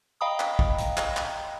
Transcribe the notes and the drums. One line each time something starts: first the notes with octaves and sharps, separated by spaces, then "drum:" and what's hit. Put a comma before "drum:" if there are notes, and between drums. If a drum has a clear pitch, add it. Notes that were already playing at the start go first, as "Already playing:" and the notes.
D#5 F5 G5 A#5 B5 D#6
drum: clap
drum: kick
drum: hi-hat
drum: clap
drum: clap